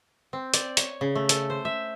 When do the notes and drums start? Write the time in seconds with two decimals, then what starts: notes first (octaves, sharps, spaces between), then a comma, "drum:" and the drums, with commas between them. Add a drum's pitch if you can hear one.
0.33 C4
0.54 D5, drum: hi-hat
0.77 C#5, drum: hi-hat
1.01 C#3
1.15 A3
1.29 A4, drum: hi-hat
1.50 C5
1.65 E5